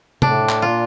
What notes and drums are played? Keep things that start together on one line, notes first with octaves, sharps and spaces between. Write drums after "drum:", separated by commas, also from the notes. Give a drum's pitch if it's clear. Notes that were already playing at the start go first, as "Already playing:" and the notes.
A2 D4, drum: tom C3
drum: clap
A#2 F4